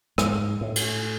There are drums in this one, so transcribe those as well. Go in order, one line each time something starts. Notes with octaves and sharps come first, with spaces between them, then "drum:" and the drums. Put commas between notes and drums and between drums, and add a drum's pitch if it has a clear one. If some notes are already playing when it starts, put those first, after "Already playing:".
G#2, drum: rim click
A2
drum: cymbal